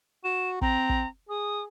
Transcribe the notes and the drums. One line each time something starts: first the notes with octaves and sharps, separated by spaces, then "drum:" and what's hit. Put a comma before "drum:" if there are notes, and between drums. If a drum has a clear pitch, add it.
F#4 E7
C4 A#5, drum: kick
drum: kick
G#4 D#6